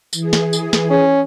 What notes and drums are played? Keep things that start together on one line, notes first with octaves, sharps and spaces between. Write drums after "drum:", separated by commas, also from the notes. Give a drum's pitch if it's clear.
E3 G#4, drum: tambourine
drum: snare
drum: tambourine
drum: snare
C#4